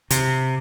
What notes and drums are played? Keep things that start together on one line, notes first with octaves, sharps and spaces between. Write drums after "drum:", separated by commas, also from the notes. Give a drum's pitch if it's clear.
C3, drum: hi-hat